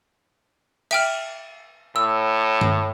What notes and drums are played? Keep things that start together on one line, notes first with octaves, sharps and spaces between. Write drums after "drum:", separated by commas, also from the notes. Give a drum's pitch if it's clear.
E5 G5 F6, drum: cymbal
A2 E6
drum: tom G2